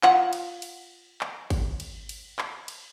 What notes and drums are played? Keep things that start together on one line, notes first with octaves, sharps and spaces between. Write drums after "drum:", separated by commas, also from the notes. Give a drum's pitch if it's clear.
F4 F#5, drum: clap
drum: cymbal
drum: cymbal
drum: clap
drum: kick G#1, cymbal
drum: cymbal
drum: cymbal
drum: clap
drum: cymbal